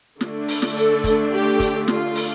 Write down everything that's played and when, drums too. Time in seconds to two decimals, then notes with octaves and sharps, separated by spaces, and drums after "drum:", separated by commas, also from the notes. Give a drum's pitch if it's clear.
0.21 D3 A3 D4, drum: snare
0.48 drum: open hi-hat
0.62 drum: snare
0.76 A4, drum: hi-hat
1.04 drum: kick, hi-hat
1.32 G4
1.60 drum: kick, hi-hat
1.88 F4, drum: snare
2.15 drum: open hi-hat